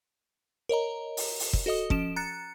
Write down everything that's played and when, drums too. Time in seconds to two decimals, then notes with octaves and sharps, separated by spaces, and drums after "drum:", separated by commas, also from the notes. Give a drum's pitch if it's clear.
0.69 A#4 C#5 D#5 A#5
1.17 drum: open hi-hat
1.40 drum: open hi-hat
1.53 drum: kick
1.66 F#4 A4 D#5 D#6
1.90 F3 C#4 D7 E7, drum: kick
2.16 A#5 F#6 A6 C#7